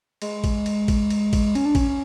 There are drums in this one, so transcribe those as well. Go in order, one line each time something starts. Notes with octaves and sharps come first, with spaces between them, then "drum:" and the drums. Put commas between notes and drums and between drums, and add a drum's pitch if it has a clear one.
G#3, drum: cymbal
drum: kick A1, cymbal
drum: cymbal
drum: kick A1, cymbal
drum: cymbal
drum: kick A1, cymbal
C#4, drum: cymbal
D4
C#4, drum: kick A1, cymbal